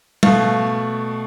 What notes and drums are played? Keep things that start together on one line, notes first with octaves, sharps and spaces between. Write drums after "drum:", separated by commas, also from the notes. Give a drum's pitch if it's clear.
B2 A3 F5, drum: tom G3